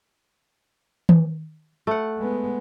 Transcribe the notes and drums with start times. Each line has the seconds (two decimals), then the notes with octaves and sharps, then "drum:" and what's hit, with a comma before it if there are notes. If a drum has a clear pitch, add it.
1.09 drum: tom D#3
1.87 A3 F#5
2.19 G#3 B3